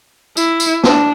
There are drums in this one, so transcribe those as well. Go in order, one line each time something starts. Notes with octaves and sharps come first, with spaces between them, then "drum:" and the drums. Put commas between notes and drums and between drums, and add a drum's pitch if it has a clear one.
E4, drum: tambourine
drum: tambourine
D4, drum: snare